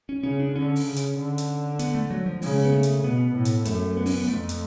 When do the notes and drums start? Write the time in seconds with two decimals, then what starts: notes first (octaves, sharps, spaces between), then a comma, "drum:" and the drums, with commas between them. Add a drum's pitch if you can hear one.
0.09 C#4
0.23 C#3 C#4
0.40 D4
0.55 D3 C#4
0.76 drum: open hi-hat
0.86 C#3
0.96 drum: hi-hat
1.17 D3
1.38 drum: hi-hat
1.79 B3, drum: hi-hat
1.95 A3
2.10 F#3
2.26 F3
2.42 C#3 G#3, drum: open hi-hat
2.65 B3
2.72 A3
2.83 drum: hi-hat
3.04 B2 B3
3.35 A2
3.45 drum: hi-hat
3.65 F#2 A3, drum: hi-hat
3.97 B3
4.06 C#4, drum: open hi-hat
4.13 B3
4.28 F2 A3
4.49 drum: hi-hat